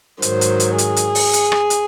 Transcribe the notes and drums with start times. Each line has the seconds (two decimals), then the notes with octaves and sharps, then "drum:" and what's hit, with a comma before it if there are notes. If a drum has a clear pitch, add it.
0.22 G#2 D#3 F#3 C5, drum: hi-hat
0.41 drum: hi-hat
0.60 drum: hi-hat
0.78 G#4, drum: hi-hat
0.96 drum: hi-hat
1.15 drum: open hi-hat
1.33 drum: hi-hat
1.52 drum: rim click
1.70 drum: hi-hat